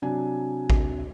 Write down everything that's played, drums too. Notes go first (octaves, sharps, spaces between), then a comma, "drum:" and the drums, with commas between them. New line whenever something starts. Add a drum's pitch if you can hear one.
C3 F#3 D4 G#5
drum: kick A1